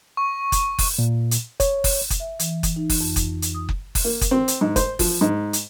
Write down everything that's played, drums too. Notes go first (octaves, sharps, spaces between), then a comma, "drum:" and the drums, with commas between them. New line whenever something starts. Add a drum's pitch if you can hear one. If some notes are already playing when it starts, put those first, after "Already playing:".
C#6
drum: kick F#1, hi-hat
drum: kick F#1, open hi-hat
A#2
drum: hi-hat
C#5, drum: kick F#1, hi-hat
drum: kick F#1, open hi-hat
drum: kick F#1, hi-hat
E5
E3, drum: hi-hat
drum: kick F#1, hi-hat
D#4
drum: kick F#1, open hi-hat
F2
drum: kick F#1, hi-hat
drum: hi-hat
D#6
drum: kick F#1
drum: kick F#1, open hi-hat
A#3
drum: kick F#1, hi-hat
C4
drum: hi-hat
G#2
C5, drum: kick F#1, hi-hat
F3, drum: kick F#1, open hi-hat
G#2
drum: hi-hat